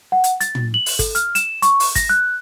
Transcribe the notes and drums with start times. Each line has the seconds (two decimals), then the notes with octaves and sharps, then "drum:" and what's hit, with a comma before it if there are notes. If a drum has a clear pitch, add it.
0.12 F#5
0.24 drum: hi-hat
0.41 A6, drum: hi-hat
0.55 drum: tom
0.74 F#7
0.86 drum: open hi-hat
0.99 A4, drum: kick, hi-hat
1.15 F6, drum: hi-hat
1.35 E7, drum: hi-hat
1.62 C#6, drum: hi-hat
1.80 drum: open hi-hat
1.95 A#6, drum: kick, hi-hat
2.09 F#6